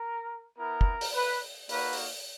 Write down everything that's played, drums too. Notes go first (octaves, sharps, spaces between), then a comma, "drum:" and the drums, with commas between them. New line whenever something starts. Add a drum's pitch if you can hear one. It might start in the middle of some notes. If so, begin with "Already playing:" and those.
Already playing: A#4
B3 E4 A#4
drum: kick
drum: open hi-hat
B4
A#3 D#4 F#4 B4, drum: open hi-hat
drum: open hi-hat